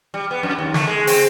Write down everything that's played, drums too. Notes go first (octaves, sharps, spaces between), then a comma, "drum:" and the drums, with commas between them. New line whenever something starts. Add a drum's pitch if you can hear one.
G3
B3
F2
D#2
A3, drum: snare
G#3
C4, drum: open hi-hat